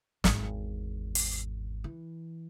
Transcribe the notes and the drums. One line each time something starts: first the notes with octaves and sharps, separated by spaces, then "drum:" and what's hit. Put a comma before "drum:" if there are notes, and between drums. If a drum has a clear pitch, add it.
G#1 E2, drum: snare
drum: open hi-hat
E3